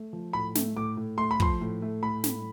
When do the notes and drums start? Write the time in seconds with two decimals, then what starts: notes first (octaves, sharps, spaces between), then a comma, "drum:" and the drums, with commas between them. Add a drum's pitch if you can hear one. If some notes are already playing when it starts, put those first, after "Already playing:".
Already playing: A3
0.13 F3
0.33 A2 B5
0.55 A3, drum: snare
0.77 A2 D6
0.97 A2
1.18 A3 C6
1.31 B5
1.40 F3 C6, drum: kick
1.61 A2
1.82 A3
2.03 A2 B5
2.24 A2, drum: snare